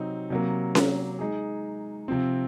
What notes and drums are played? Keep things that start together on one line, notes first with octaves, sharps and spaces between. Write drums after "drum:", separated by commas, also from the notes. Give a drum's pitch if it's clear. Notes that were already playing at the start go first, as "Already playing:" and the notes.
Already playing: C3 F#3 C4 D#4
C3 F#3 A#3
drum: snare C#4
G#3 D#4 G#4
C3 F3 C4